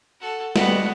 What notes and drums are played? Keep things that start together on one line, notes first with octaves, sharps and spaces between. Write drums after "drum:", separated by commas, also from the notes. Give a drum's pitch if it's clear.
F#4 A4
G3 B3 F#4 D#5 A5, drum: snare